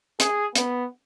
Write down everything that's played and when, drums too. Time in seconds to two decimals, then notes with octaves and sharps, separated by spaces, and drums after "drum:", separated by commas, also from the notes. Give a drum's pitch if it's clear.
0.20 G#4, drum: hi-hat
0.55 B3, drum: hi-hat